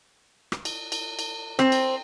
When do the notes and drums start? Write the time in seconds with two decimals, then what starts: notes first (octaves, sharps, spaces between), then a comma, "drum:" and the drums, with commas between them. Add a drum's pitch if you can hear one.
0.52 drum: rim click
0.65 drum: cymbal
0.92 drum: cymbal
1.19 drum: cymbal
1.59 C4, drum: rim click
1.72 drum: cymbal